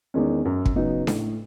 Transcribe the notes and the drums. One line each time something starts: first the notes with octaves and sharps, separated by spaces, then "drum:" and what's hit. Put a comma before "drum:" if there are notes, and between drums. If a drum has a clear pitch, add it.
E2 D#3 G#3 C#4
F#2
drum: kick
C#3 F#3 B3 D#4
A2, drum: snare D4